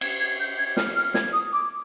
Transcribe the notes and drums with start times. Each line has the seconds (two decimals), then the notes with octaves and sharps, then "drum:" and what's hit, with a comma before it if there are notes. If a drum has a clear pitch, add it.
0.01 G#6, drum: cymbal
0.20 G#6
0.40 G6
0.58 G#6
0.77 F6, drum: snare
0.96 F6
1.14 G#6, drum: snare
1.33 D#6
1.53 D6